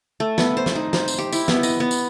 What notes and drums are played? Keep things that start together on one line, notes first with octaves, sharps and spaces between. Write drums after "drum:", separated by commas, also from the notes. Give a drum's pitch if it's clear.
A3
B3, drum: snare
C5
drum: snare
D#4
C5, drum: snare
drum: tambourine
G4
E4, drum: tambourine
B3, drum: snare
D#5, drum: tambourine
B3
drum: tambourine